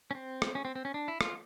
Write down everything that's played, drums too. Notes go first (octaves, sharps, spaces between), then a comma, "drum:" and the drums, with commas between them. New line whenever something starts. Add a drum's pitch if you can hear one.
C#4
C4
drum: rim click
C#4
C4
C4
C#4
D4
E4
F4, drum: rim click